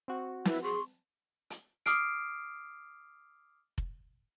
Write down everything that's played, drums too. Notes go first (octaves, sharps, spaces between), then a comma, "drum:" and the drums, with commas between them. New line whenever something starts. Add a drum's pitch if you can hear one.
C4 F#4
E4 B4, drum: snare
G#4 C6 C#6
drum: hi-hat
D6 D#6 F6 C7 D7, drum: hi-hat
drum: kick F1